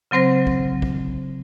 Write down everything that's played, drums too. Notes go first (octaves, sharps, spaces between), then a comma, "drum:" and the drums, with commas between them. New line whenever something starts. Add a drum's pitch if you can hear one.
C#3 F#3 C4 C5 A#6
drum: kick
drum: kick